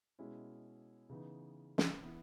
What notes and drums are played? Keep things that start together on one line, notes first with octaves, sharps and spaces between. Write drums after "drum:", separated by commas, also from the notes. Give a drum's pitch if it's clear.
B2 G#3 C#4 E4
C#3 E3 B3 D#4
drum: snare
E3 B3 E4